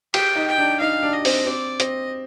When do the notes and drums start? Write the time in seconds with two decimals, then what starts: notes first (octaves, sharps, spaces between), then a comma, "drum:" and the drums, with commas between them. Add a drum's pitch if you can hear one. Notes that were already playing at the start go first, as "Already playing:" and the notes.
0.14 G4 G5, drum: cymbal
0.36 D#4
0.48 G5
0.58 D4
0.80 D#4 F5
1.03 D4
1.14 D#5
1.25 C4, drum: open hi-hat
1.46 C4 D5
1.80 C4 D#5, drum: hi-hat